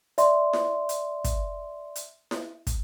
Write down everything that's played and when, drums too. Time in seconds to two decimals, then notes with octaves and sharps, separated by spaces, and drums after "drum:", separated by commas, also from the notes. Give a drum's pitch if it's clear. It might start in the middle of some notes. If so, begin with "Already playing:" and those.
0.18 D5 E5 C6, drum: hi-hat
0.53 drum: snare E4
0.89 drum: hi-hat
1.24 drum: kick, hi-hat
1.96 drum: hi-hat
2.31 drum: snare E4
2.67 drum: kick, hi-hat